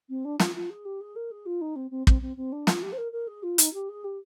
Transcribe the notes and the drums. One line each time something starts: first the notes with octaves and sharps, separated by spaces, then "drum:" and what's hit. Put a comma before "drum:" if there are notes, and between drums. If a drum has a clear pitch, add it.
C4
D4
F4, drum: snare
F4
G#4
G4
G#4
A#4
G#4
F4
D#4
C4
C4
C4, drum: kick
C4
C4
D4
F4, drum: snare
G4
C5
A#4
A#4
G#4
F4
D#4, drum: hi-hat
G4
G#4
G4